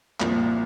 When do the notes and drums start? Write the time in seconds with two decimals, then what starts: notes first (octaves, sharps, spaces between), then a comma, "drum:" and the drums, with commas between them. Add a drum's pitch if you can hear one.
0.20 C2 A#2 F3, drum: clap